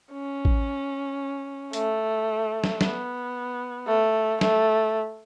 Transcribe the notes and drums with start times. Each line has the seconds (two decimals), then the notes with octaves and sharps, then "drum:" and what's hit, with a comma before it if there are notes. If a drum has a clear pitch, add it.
0.13 C#4
0.45 drum: kick A1
1.73 A3, drum: hi-hat
2.64 drum: snare
2.81 B3, drum: snare
3.87 A3
4.41 A3, drum: snare